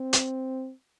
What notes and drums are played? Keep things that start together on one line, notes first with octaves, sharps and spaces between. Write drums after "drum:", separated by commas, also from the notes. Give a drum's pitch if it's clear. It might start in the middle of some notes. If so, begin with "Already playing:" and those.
Already playing: C4
drum: hi-hat